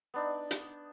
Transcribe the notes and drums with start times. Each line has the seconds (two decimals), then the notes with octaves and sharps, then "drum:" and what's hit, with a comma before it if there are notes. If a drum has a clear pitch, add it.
0.14 B3 D4 D#4
0.51 drum: hi-hat